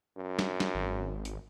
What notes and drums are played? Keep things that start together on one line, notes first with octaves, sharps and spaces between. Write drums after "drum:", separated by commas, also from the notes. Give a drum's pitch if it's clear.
F#2
drum: snare
drum: snare
G#1
drum: hi-hat